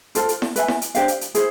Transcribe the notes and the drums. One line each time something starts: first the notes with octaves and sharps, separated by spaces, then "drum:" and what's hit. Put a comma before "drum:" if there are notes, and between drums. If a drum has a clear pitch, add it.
F4 A4 C5, drum: hi-hat
drum: hi-hat
drum: snare E4
B4 E5 G#5, drum: hi-hat
drum: snare E4
drum: hi-hat
D4 G4 C5 F5, drum: hi-hat
drum: hi-hat
drum: hi-hat
E4 G#4 C5, drum: hi-hat